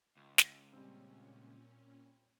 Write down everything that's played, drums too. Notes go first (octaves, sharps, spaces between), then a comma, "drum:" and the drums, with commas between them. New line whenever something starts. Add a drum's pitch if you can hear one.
C#2
drum: snare
A#2 G3 C4 C#4